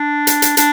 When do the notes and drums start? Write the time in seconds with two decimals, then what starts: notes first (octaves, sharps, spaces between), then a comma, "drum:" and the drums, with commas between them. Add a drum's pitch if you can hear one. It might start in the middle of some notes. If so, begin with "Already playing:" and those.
Already playing: D4
0.27 drum: hi-hat
0.42 drum: hi-hat
0.57 D4, drum: hi-hat